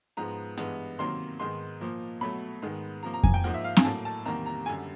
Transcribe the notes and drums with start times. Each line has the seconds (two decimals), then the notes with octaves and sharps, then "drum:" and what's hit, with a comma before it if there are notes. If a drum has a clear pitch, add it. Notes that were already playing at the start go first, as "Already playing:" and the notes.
0.17 G#2 F3 G#3 B3 A#5
0.57 G2 E3 G#3 B3, drum: hi-hat
0.99 C3 D#3 F#3 A#3 C6
1.40 G#2 D#3 G#3 B3 C6
1.81 A#2 F3 A#3
2.21 B2 F#3 A3 B5
2.62 G#2 D#3 G#3 B3
3.03 C3 F3 A#3 A#5
3.14 A#5
3.24 G#5, drum: kick F2
3.34 G5
3.44 G#2 F3 A#3 F#5
3.54 E5
3.64 F5
3.77 G#5, drum: snare C4
3.85 A2 F#3 A#3 A5
4.05 A5
4.25 E2 C3 D#3 G3 A#3 A#5
4.46 A#5
4.66 F#2 D3 G3 G#5